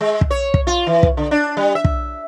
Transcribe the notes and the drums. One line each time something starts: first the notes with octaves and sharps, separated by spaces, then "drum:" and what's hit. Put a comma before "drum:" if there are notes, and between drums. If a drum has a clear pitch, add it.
G#3
drum: kick
C#5
drum: kick
F4
E3
drum: kick
D3
D4
G3
E5
drum: kick